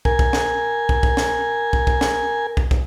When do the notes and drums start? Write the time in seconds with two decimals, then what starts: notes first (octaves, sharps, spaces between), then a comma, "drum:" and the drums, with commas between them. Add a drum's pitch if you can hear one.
0.05 A#4 G#5, drum: kick
0.19 drum: kick
0.33 drum: snare
0.89 drum: kick
1.03 drum: kick
1.17 drum: snare
1.73 drum: kick
1.87 drum: kick
2.01 drum: snare
2.57 drum: kick
2.71 drum: kick